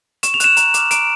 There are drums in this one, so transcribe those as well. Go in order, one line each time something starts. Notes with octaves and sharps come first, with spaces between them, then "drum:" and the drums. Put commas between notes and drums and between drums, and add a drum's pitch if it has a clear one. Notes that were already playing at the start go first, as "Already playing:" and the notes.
C#6 E7, drum: hi-hat
F7
F#6 E7, drum: hi-hat
A#5, drum: hi-hat
D6 F6, drum: hi-hat
A#5 D7, drum: hi-hat